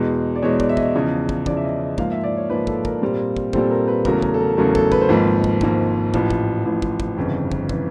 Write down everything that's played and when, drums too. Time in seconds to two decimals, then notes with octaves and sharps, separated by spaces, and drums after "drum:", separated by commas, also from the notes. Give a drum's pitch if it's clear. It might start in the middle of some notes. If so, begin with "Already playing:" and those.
Already playing: E2 B2 G#3
0.36 D5
0.42 E2 B2 G#3 C#5
0.60 D5, drum: kick
0.69 E5
0.77 D#5, drum: kick
0.95 E2 C#3 F3
1.29 drum: kick
1.46 E2 C#3 F3 D5, drum: kick
1.57 E5
1.64 D#5
1.80 D#5
1.98 G#2 F3 A#3 F5, drum: kick
2.12 E5
2.24 D5
2.37 C#5
2.50 G#2 F3 A#3 B4
2.67 A4, drum: kick
2.85 A#4, drum: kick
3.02 A#2 G3 C4
3.36 drum: kick
3.53 A#2 G3 C4 A4, drum: kick
3.71 A#4
3.88 B4
4.05 E2 C#3 F#3 A3 A#4, drum: kick
4.22 A#4, drum: kick
4.34 A4
4.41 A#4
4.57 E2 C#3 F#3 A3 A#4
4.75 A4, drum: kick
4.92 B4, drum: kick
5.01 C5
5.09 G#1 G#2 F3 A#3 B4
5.44 drum: kick
5.61 G#1 G#2 F3 A#3, drum: kick
6.14 A1 A2 F3, drum: kick
6.30 drum: kick
6.65 A1 A2 F3
6.82 drum: kick
7.00 drum: kick
7.17 G1 F2 C#3 E3
7.52 drum: kick
7.69 C#3 E3, drum: kick